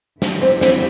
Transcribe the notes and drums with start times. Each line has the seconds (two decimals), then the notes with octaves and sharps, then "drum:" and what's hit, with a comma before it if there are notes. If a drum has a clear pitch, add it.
0.22 F2 E3 A3 E4 G4, drum: snare
0.41 C4, drum: hi-hat
0.61 C4, drum: snare